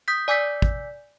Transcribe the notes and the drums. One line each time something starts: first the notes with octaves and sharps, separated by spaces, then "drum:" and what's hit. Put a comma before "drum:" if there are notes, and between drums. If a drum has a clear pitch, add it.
D#6 G6 B6
D5 G#5 D6 E6 G6 B6
drum: kick